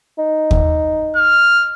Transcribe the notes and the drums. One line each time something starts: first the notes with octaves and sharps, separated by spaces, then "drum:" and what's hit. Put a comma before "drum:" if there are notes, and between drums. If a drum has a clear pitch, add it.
D#4
drum: kick
F6